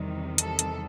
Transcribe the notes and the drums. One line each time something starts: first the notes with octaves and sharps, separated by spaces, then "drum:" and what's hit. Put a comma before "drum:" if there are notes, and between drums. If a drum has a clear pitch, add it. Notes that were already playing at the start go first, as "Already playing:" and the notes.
Already playing: E2 C3 D#3 G3
A4, drum: hi-hat
drum: hi-hat